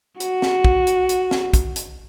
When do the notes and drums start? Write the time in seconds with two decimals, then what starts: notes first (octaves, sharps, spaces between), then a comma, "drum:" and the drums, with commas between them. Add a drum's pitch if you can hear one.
0.20 F#4, drum: hi-hat
0.42 drum: snare
0.65 drum: kick
0.87 drum: hi-hat
1.09 drum: hi-hat
1.31 drum: snare
1.53 drum: kick, hi-hat
1.76 drum: hi-hat